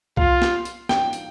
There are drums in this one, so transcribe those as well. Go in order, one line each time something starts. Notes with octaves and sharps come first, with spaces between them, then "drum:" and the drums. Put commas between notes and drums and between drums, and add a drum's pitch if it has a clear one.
F4 F5, drum: kick C2
drum: snare
drum: hi-hat
G5, drum: snare
drum: hi-hat